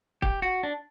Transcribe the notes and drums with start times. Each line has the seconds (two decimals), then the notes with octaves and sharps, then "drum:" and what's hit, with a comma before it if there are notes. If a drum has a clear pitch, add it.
0.22 G4, drum: kick
0.42 F#4
0.63 D4